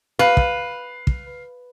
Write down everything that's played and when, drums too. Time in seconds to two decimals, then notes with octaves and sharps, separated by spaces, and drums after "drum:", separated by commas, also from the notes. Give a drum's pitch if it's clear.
0.19 B4 F5
0.37 drum: kick
1.07 drum: kick